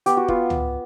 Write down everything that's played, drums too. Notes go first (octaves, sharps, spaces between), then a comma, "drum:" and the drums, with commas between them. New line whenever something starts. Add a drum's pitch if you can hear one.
B3 G4, drum: hi-hat
F#4
B3 F4, drum: kick
drum: tom C#2